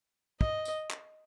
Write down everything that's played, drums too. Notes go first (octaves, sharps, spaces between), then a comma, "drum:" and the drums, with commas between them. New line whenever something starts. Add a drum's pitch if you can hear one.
D#5, drum: kick
drum: tambourine
drum: clap